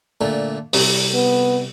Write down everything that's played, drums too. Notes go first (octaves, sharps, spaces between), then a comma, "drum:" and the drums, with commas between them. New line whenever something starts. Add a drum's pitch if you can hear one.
A#2 D3 A3
C2 C3, drum: open hi-hat
B3